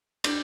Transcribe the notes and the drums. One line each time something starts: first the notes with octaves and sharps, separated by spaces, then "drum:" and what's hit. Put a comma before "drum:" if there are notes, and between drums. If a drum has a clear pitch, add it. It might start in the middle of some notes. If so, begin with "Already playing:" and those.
D4, drum: cymbal